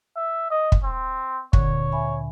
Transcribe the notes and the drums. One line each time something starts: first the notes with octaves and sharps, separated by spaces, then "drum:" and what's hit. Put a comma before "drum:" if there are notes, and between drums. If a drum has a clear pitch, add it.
E5
D#5
drum: kick
C4
D2 A#2 D3 C#5, drum: kick
E5 G#5 B5